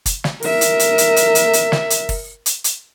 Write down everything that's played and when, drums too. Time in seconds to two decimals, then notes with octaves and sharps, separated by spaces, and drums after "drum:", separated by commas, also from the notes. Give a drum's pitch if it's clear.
0.06 drum: kick, hi-hat
0.24 drum: snare
0.43 A#4 E5, drum: open hi-hat
0.61 drum: hi-hat
0.79 drum: hi-hat
0.98 drum: hi-hat
1.16 drum: hi-hat
1.35 drum: hi-hat
1.53 drum: hi-hat
1.72 drum: snare
1.90 drum: hi-hat
2.09 drum: kick, open hi-hat
2.46 drum: hi-hat
2.64 drum: hi-hat